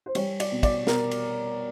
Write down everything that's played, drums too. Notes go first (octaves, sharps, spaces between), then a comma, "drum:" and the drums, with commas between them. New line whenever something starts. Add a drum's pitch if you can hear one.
C5
G3 C#5, drum: cymbal
D5, drum: cymbal
B2
D5, drum: kick, cymbal
B2 A#4, drum: snare
drum: cymbal